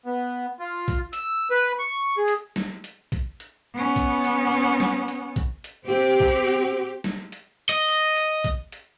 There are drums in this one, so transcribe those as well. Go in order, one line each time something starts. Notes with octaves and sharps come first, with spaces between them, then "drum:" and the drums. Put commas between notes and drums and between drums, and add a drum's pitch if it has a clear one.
B3
F4
drum: kick A1, hi-hat
E6, drum: hi-hat
B4
C#6
G#4
drum: hi-hat
drum: snare
drum: hi-hat
drum: kick A1, hi-hat
drum: hi-hat
B3 C#4
drum: kick A1, hi-hat
drum: hi-hat
drum: hi-hat
drum: snare
drum: hi-hat
drum: kick A1, hi-hat
drum: hi-hat
C4 G4
drum: kick A1
drum: hi-hat
drum: snare
drum: hi-hat
D#5
drum: hi-hat
drum: hi-hat
drum: kick A1, hi-hat
drum: hi-hat